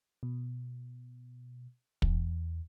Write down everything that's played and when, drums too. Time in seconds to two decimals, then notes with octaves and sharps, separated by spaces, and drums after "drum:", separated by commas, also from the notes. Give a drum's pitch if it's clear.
0.23 B2
2.02 E2, drum: kick